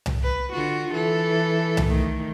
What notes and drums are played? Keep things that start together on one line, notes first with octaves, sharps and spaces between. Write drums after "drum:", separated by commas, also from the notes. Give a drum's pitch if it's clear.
drum: tom C2
B4
D3 F4 F#4
E3 A4
drum: tom C2
D#3 A3